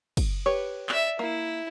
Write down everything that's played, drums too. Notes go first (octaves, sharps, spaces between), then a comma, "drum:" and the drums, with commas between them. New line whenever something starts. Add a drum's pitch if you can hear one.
drum: kick, cymbal
G4 B4 C#5
D5 E5, drum: clap
A#3 E4